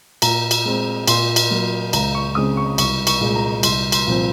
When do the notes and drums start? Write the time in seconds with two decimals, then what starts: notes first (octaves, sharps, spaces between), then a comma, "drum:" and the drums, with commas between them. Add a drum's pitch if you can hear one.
0.22 A#2 A#5, drum: cymbal
0.51 drum: cymbal
0.65 G#3 C4
1.08 A#2 C6, drum: cymbal
1.36 drum: cymbal
1.50 F#3 A#3
1.93 C#2 A#5, drum: cymbal
2.15 C#6
2.35 C#3 G#3 C4 D#6
2.57 C#6
2.78 C2 C#6, drum: cymbal
3.07 C#6, drum: cymbal
3.21 A#2 G#3
3.36 A#5
3.63 C2 C6, drum: cymbal
3.92 C6, drum: cymbal
4.07 A#2 F3 C4